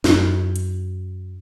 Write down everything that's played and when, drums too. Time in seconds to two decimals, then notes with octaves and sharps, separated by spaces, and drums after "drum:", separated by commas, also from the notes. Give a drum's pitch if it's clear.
0.04 F#2, drum: snare D#4
0.56 drum: hi-hat